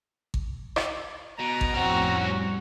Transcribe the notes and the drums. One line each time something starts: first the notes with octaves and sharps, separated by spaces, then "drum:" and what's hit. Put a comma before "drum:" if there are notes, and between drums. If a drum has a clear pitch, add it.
drum: kick G#1
drum: rim click
B2 A#5
drum: kick G#1
F2 A2 C4 C#4 F#4
G3